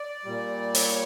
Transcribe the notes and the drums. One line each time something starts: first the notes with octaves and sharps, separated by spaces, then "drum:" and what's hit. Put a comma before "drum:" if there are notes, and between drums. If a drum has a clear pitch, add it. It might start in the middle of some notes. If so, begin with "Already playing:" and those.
Already playing: D5
A#2 G3
C#5, drum: open hi-hat